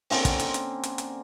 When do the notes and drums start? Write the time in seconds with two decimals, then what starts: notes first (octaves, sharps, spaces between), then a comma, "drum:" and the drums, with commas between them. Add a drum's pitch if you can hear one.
0.10 D3 A#3 C4 C#4, drum: open hi-hat
0.25 drum: kick, hi-hat
0.40 drum: hi-hat
0.54 drum: hi-hat
0.83 drum: hi-hat
0.98 drum: hi-hat